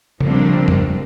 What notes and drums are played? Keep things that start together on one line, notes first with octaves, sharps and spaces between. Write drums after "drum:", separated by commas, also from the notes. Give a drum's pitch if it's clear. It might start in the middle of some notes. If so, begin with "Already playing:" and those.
F3 G3 A3 A#3 C4 D4, drum: tom C#3
drum: tom F2